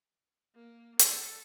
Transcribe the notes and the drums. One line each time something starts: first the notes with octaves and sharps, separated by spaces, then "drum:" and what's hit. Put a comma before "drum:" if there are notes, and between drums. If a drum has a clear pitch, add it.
A#3
A4, drum: hi-hat